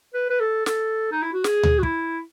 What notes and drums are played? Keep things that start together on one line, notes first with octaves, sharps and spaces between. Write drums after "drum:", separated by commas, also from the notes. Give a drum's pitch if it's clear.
B4
B4
A4
A4, drum: snare
D#4
E4
F#4
G#4, drum: snare
drum: tom D2
F#4
E4, drum: kick